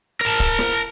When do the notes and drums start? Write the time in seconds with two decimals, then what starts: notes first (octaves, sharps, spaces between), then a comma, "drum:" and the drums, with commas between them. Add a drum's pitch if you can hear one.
0.21 A#4 A5
0.40 drum: kick
0.59 drum: snare